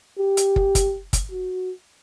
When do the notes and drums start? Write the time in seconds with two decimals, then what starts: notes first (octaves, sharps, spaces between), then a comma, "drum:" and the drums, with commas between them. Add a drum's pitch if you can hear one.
0.18 G4
0.37 drum: hi-hat
0.56 drum: kick
0.75 drum: kick, hi-hat
1.13 drum: kick, hi-hat
1.32 F#4